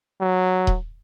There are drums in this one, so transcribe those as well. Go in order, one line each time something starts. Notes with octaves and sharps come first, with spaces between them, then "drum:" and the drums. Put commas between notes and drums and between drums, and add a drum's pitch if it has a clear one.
F#3
drum: kick D#1